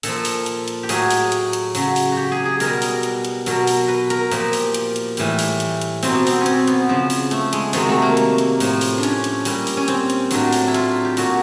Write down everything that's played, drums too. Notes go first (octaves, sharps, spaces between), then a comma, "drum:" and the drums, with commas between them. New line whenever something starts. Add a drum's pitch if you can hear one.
A#2 F3 A4, drum: open hi-hat
drum: open hi-hat
drum: hi-hat
drum: hi-hat
G4
A2 F#3 G#4, drum: open hi-hat
drum: open hi-hat
drum: hi-hat
drum: hi-hat
C#3 F#3, drum: open hi-hat
drum: open hi-hat
F#4 G4
G#4
G#4
B2 G3 A#4, drum: open hi-hat
drum: open hi-hat
drum: hi-hat
drum: hi-hat
B2 F#3 A#4, drum: open hi-hat
drum: open hi-hat
B4
A#4, drum: hi-hat
A#2 F3 G4, drum: open hi-hat
drum: open hi-hat
drum: hi-hat
drum: hi-hat
A2 E3 G3, drum: open hi-hat
drum: open hi-hat
drum: hi-hat
drum: hi-hat
B2 F#3 C4, drum: open hi-hat
B3
C4, drum: open hi-hat
C#4
C4, drum: hi-hat
B3, drum: hi-hat
C#3 F3
drum: open hi-hat
A3, drum: hi-hat
G#3, drum: hi-hat
C3 D#3 F#3 G#3, drum: open hi-hat
A3
A#3
drum: hi-hat
drum: hi-hat
A2 F3, drum: open hi-hat
drum: open hi-hat
D4
C#4, drum: hi-hat
drum: hi-hat
A#2 G3, drum: open hi-hat
drum: open hi-hat
C#4
C4, drum: hi-hat
drum: hi-hat
A2 F#3 D4, drum: open hi-hat
drum: open hi-hat
E4
F4, drum: hi-hat
G4
A#2 F#3 F#4, drum: open hi-hat